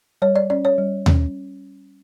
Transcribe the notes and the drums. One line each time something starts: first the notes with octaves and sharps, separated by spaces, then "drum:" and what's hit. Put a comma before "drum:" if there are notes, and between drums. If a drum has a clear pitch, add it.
G3 C#5
D5
C#4 D5
C#5
G3
C#4, drum: tom D#2